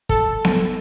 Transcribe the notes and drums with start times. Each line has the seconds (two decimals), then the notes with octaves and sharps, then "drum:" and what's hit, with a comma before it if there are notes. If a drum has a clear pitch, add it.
0.09 A4, drum: kick
0.45 drum: snare B3